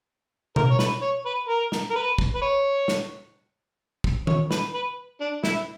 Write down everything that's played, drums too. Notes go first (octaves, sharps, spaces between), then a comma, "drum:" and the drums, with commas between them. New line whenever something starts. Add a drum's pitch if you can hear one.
A#4, drum: tom B2
C#5
B4, drum: snare
C#5
B4
A#4
drum: snare
A#4
B4
drum: kick
B4
C#5
drum: snare
drum: kick
C#5, drum: tom D#3
B4, drum: snare
B4
D4
E4, drum: snare